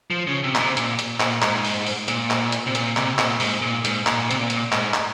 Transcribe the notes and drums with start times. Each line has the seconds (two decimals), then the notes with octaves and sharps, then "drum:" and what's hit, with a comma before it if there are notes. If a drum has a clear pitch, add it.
0.11 F3
0.27 C#3
0.44 C3
0.55 A#2, drum: clap
0.60 C3
0.77 A#2, drum: hi-hat
0.99 drum: hi-hat
1.20 A#2, drum: clap
1.42 G#2, drum: clap
1.65 drum: open hi-hat
1.87 drum: open hi-hat
2.08 A#2, drum: hi-hat
2.30 drum: clap
2.52 drum: hi-hat
2.67 C3
2.75 A#2, drum: hi-hat
2.97 C3, drum: clap
3.18 A#2, drum: clap
3.40 G#2, drum: open hi-hat
3.62 A#2
3.85 G#2, drum: hi-hat
4.07 A#2, drum: clap
4.31 C3, drum: hi-hat
4.39 A#2
4.50 drum: hi-hat
4.72 G#2, drum: clap
4.94 drum: clap